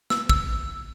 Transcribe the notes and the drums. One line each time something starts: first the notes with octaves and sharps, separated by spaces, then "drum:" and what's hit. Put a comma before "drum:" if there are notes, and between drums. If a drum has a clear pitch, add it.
E6, drum: snare
E6, drum: kick